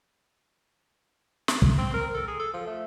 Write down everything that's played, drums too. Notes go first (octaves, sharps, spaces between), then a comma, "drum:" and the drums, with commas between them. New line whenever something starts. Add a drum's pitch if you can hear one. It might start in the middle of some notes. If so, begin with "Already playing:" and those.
drum: snare
drum: kick
C4
A#4
A4
G#4
A4
F3
A3